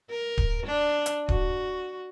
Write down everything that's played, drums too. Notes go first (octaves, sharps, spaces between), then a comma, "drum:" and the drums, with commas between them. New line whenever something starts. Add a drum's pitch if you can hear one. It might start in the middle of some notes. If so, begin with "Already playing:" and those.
A#4
drum: kick D1
D4
drum: hi-hat
F#4, drum: kick D1